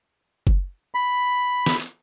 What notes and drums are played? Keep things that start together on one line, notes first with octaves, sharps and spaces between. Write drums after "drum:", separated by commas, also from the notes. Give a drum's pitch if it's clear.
drum: kick F#1
B5
drum: snare